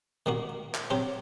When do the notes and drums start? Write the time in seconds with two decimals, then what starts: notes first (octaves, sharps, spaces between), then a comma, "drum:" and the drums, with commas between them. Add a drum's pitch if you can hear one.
0.26 D#3 G3 A#3 F#4
0.75 drum: clap
0.90 F#3 C4 G4